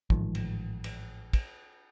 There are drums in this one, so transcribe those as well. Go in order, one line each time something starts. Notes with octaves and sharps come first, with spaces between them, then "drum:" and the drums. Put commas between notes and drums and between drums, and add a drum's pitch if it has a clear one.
A1 G#2 D#3 F3, drum: kick
drum: cymbal
drum: cymbal
drum: kick, cymbal